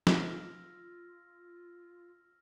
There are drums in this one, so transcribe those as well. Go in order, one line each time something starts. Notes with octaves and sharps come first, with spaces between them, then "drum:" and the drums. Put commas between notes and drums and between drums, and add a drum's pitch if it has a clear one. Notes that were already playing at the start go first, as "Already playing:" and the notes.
F4 E6 F6 A#6, drum: snare